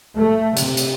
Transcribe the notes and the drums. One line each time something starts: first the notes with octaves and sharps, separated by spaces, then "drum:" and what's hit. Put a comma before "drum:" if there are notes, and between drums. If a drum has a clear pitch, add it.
A3
C3, drum: hi-hat
drum: hi-hat